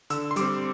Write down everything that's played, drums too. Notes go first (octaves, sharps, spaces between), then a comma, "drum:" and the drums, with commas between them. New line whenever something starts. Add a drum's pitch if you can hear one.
D3 E6, drum: hi-hat
C6
G3 C4 D6, drum: hi-hat